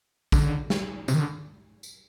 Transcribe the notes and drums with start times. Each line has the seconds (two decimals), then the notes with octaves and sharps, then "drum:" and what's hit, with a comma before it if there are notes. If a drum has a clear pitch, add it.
0.32 D3, drum: kick, tambourine
0.70 drum: snare
1.08 C3, drum: tambourine
1.14 D#3
1.20 D3
1.83 drum: tambourine